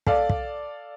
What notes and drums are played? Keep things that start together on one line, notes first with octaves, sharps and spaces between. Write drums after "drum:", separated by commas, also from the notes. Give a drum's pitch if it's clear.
A4 D5 F5, drum: kick
drum: kick